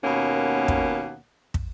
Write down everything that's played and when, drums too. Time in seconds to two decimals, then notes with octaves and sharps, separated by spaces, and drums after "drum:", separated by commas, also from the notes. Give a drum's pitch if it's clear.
0.04 D#2 B2 A#3 C#4 F#5
0.68 drum: kick
1.54 drum: kick